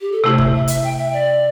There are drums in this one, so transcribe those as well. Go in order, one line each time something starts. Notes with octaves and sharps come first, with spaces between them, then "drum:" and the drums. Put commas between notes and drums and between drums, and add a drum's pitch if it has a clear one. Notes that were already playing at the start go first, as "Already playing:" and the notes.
G4
A4
C3 A3 E4 C5
E5, drum: kick
E5
E5, drum: hi-hat
G5
E5
D5